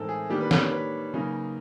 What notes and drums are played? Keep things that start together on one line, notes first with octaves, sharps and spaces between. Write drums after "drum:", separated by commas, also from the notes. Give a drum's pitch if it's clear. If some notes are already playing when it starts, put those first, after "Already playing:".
Already playing: A2 E3 G#3 C4 D#4 A4 A#4
G#4
D#3 G3 A#3 D4 G4
B4
C#5, drum: snare
C#5
B4
C#3 F#3 A#3 D#4